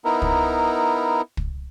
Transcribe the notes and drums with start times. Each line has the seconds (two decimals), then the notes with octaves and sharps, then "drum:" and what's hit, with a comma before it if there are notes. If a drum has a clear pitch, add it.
0.05 B3 D#4 E4 A#4
0.22 drum: kick
1.37 drum: kick